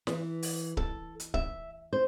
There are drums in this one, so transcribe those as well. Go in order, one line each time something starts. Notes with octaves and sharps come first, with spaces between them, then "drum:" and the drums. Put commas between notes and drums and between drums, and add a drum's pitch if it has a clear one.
E3, drum: snare
drum: open hi-hat
A4, drum: kick C#1
drum: hi-hat
E5, drum: kick C#1
C5